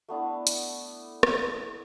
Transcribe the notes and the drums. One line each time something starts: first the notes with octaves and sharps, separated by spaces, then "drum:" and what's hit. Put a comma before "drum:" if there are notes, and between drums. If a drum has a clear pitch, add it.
A3 B3 D4 E4
drum: hi-hat
drum: rim click